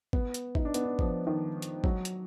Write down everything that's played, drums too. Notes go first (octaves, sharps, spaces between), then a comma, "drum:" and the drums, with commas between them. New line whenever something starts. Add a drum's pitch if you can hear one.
B3, drum: kick
drum: hi-hat
D#4, drum: kick
D4
B3, drum: hi-hat
D4
F3, drum: kick
D#3
drum: hi-hat
F#3, drum: kick
drum: hi-hat